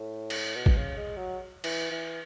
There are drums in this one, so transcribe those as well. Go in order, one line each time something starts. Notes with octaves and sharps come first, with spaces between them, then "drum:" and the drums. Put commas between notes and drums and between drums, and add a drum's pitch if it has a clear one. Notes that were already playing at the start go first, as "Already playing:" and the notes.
Already playing: A2
drum: cymbal
B2
drum: kick A1
C#3
G#3
F#3
E3, drum: cymbal
E3